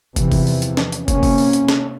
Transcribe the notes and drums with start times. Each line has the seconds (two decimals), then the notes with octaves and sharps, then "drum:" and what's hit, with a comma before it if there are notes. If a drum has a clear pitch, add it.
0.16 E2 C3 E3 F3, drum: kick, hi-hat
0.32 drum: kick, open hi-hat
0.47 drum: open hi-hat
0.62 drum: hi-hat
0.77 drum: snare C#4
0.92 drum: hi-hat
1.08 C3 A#3 C#4, drum: kick, hi-hat
1.23 drum: kick, open hi-hat
1.38 drum: open hi-hat
1.53 drum: hi-hat
1.68 drum: snare C#4